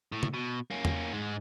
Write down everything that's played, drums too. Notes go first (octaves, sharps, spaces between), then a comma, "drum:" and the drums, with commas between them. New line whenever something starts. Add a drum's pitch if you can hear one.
A2
drum: tom
B2
A#3 C#4
drum: tom E2
G#2 G#3